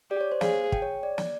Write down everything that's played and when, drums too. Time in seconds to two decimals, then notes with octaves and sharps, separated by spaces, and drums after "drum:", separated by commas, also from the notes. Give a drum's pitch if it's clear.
0.10 G4 D5
0.21 C#5
0.32 C5
0.41 G#4 F5, drum: snare
0.72 G5, drum: kick
0.82 C#5
1.03 D5
1.18 drum: snare